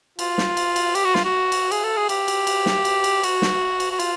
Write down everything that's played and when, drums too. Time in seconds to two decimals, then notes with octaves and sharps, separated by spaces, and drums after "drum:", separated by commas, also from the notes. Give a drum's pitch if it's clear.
0.19 F4, drum: cymbal
0.38 drum: snare
0.57 drum: cymbal
0.76 drum: cymbal
0.95 G4, drum: cymbal
1.05 F#4
1.15 F4, drum: snare
1.25 F#4
1.52 drum: cymbal
1.71 G#4, drum: cymbal
1.84 A4
1.97 G#4
2.09 G4, drum: cymbal
2.28 drum: cymbal
2.47 drum: cymbal
2.66 drum: snare
2.85 drum: cymbal
3.04 drum: cymbal
3.23 F#4, drum: cymbal
3.42 drum: snare
3.80 drum: cymbal
3.91 F#4
4.00 F4, drum: cymbal